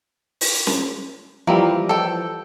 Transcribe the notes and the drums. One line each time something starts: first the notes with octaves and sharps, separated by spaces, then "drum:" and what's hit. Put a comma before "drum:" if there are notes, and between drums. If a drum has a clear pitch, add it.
drum: open hi-hat
drum: snare
E3 F3 G3 A#3 C4
A4 G5